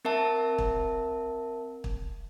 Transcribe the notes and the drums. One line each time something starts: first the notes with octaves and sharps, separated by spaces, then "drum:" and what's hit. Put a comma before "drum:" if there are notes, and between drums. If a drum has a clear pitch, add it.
C4 A#4 E5 A5
drum: kick
drum: kick